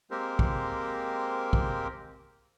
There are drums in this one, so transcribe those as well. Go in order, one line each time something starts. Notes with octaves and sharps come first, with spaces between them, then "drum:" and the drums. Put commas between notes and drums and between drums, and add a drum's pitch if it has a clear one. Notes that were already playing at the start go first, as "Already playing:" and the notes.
G#3 A#3 C4 G4 A#4 C5
drum: kick
drum: kick